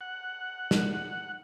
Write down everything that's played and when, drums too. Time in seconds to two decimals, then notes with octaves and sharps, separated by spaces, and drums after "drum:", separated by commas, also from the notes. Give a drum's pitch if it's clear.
0.01 F#5
0.71 drum: snare